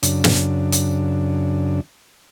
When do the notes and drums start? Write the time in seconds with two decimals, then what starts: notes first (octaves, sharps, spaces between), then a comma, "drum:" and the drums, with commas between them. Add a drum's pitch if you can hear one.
0.03 F#2 C#3 D4, drum: hi-hat
0.24 drum: snare
0.72 drum: hi-hat